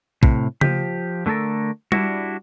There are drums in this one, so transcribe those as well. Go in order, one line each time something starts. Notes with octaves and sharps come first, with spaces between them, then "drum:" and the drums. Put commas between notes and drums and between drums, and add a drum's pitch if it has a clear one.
A2 C3, drum: kick A#1
F3 G4, drum: tom C#3
D3 A3 G4 A4 A#4
G3 D4 E4 F#4, drum: tom G3